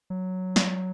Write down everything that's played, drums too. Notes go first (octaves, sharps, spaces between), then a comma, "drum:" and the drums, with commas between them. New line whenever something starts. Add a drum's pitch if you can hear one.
F#3
drum: snare